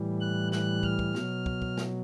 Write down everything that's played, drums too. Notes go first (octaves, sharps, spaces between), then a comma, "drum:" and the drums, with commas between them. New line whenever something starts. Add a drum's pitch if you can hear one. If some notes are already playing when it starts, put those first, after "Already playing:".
Already playing: A2 E3 G3
F#6
F#6, drum: snare
F6, drum: kick
drum: kick
B2 F#3, drum: snare
drum: kick
drum: kick
drum: snare